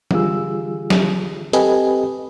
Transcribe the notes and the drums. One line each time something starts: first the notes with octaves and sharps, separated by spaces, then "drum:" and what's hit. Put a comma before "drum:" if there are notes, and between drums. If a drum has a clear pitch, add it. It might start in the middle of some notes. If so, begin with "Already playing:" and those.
D3 E3 G3 F4 G#4 E6, drum: tom
drum: snare
C4 G4 A4 B4 D#5 G#5, drum: hi-hat